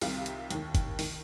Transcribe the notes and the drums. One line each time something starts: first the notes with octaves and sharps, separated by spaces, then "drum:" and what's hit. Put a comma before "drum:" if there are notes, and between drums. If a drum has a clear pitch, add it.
C2 C3 D#3 F4, drum: open hi-hat
drum: hi-hat
D#2 D#3, drum: hi-hat
drum: kick G1, hi-hat
D#3, drum: open hi-hat